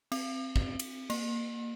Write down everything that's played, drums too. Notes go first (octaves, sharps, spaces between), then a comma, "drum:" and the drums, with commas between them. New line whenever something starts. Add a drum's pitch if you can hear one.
C4, drum: cymbal
drum: kick
drum: cymbal
A#3, drum: cymbal